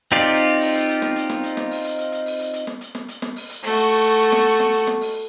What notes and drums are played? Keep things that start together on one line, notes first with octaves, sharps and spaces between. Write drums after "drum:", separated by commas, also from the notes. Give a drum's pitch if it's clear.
C4 D#4 F4 G4 D5
drum: hi-hat
drum: open hi-hat
drum: hi-hat
drum: hi-hat
drum: snare
drum: hi-hat
drum: snare
drum: hi-hat
drum: snare
drum: open hi-hat
drum: hi-hat
drum: hi-hat
drum: hi-hat
drum: open hi-hat
drum: hi-hat
drum: hi-hat
drum: snare
drum: hi-hat
drum: snare
drum: hi-hat
drum: snare
drum: open hi-hat
drum: hi-hat
A3 F#4, drum: hi-hat
drum: hi-hat
drum: open hi-hat
drum: hi-hat
drum: hi-hat
drum: snare
drum: hi-hat
drum: snare
drum: hi-hat
drum: snare
drum: open hi-hat